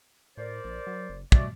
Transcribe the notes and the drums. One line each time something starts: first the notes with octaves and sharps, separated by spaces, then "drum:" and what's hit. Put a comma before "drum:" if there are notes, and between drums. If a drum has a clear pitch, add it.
A2 A#4 C5 D5
A#1
F#3
F#1
B2 G3 A3 D5, drum: kick